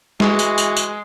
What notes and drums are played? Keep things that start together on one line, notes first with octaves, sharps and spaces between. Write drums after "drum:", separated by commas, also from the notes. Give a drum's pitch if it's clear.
E3 G#3 F#4, drum: snare
drum: tambourine
drum: tambourine
drum: tambourine